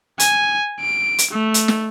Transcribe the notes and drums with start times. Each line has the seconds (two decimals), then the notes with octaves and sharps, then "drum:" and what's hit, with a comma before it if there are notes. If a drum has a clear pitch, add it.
0.20 G#5, drum: hi-hat
0.81 D7
1.18 drum: hi-hat
1.31 A3
1.54 drum: hi-hat
1.68 drum: snare